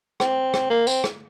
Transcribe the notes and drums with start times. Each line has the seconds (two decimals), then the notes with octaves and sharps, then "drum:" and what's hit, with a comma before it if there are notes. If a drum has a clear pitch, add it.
0.20 C4, drum: rim click
0.54 drum: rim click
0.70 A#3
0.87 C4, drum: tambourine
1.04 drum: rim click